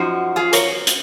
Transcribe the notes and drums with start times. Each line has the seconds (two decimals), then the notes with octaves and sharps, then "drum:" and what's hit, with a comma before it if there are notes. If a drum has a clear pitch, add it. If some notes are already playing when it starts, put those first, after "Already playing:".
Already playing: F#2 F3 D#4 F#4
0.36 F4 G#4
0.53 A#4 C#5, drum: hi-hat
0.87 drum: hi-hat